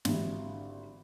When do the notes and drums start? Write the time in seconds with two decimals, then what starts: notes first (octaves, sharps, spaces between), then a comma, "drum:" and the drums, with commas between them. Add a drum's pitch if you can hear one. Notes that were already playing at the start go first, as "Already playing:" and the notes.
0.05 G#1 D3 E3 G4, drum: snare